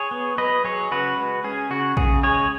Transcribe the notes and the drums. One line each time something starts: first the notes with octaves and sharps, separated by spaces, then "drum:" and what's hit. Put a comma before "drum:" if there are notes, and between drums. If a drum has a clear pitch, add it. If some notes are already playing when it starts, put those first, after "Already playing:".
Already playing: G#4 C#5
B3
F#3 B4 D#5
F#3 G#4 C#5
C#3 F#4 B4
G#3
C#4 G#4
C#3 F#4
C#3 G#4, drum: kick
G#3 G#4 C#5